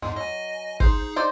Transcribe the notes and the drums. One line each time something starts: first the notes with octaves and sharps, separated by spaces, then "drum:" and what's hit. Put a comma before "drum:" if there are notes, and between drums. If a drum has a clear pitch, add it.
E2 G#2 G#3
F#3 D#5 G#5
D#4 G#4 C5, drum: kick
D#4 C5 D5